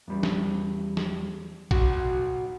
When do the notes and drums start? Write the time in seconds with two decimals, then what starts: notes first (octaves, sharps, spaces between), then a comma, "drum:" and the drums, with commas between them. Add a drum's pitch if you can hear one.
0.08 E2 G3
0.23 drum: snare
0.97 drum: snare
1.71 B1 F#4 F#5, drum: kick A#1, cymbal